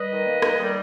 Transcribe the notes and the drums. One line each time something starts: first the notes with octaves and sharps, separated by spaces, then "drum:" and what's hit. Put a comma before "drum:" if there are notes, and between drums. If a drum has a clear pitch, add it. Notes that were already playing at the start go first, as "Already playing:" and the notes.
Already playing: G3 B4 D#5
D#3
A#3
D#3, drum: rim click
G3